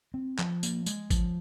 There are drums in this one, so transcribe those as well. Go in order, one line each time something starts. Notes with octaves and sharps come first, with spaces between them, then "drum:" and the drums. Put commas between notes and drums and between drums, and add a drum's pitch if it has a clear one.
C4
F3, drum: clap
A#3, drum: tambourine
G#3, drum: tambourine
F3, drum: kick G#1, tambourine